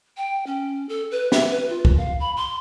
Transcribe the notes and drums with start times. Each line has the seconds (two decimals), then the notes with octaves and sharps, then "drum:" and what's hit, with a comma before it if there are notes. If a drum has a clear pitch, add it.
0.17 G5
0.47 C#4
0.89 A4
1.11 B4
1.32 E5, drum: snare
1.51 B4
1.69 F4
1.85 drum: kick
1.98 F5
2.20 B5
2.37 C6